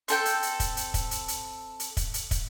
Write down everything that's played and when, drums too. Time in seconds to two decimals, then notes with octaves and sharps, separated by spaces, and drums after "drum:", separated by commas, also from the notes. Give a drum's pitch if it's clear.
0.08 C4 A4 G5, drum: hi-hat
0.25 drum: hi-hat
0.43 drum: hi-hat
0.60 drum: kick, hi-hat
0.77 drum: hi-hat
0.94 drum: kick, hi-hat
1.11 drum: hi-hat
1.28 drum: hi-hat
1.80 drum: hi-hat
1.97 drum: kick, hi-hat
2.14 drum: hi-hat
2.31 drum: kick, hi-hat